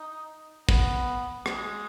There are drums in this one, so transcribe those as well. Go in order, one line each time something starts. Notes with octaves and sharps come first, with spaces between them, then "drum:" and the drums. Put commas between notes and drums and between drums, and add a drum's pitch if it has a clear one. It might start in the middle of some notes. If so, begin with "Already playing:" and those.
Already playing: D#4
B3, drum: kick
G#3, drum: rim click